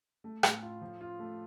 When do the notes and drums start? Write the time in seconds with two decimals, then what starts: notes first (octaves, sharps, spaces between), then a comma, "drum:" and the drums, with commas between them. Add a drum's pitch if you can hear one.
0.24 A3
0.43 A2, drum: rim click
0.62 F4
0.81 F3
1.01 F4
1.19 A3